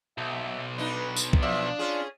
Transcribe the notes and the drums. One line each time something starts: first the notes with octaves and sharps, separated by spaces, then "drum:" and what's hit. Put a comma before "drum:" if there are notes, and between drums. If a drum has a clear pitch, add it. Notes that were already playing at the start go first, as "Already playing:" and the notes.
B1 E5
D4 D#4 B4
drum: tambourine
drum: kick
F3 D4 E5
C#4 F4 G#4